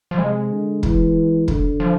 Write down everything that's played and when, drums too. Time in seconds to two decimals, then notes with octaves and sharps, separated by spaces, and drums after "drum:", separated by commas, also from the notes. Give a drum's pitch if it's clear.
0.11 F3
0.18 C3 G#3
0.50 D3
0.83 E3, drum: kick
1.48 D3, drum: kick
1.80 F3